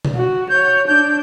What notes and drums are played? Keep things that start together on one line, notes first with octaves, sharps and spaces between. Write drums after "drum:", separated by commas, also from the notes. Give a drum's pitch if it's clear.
drum: tom B2
F#4
C#5 G6
D4 G6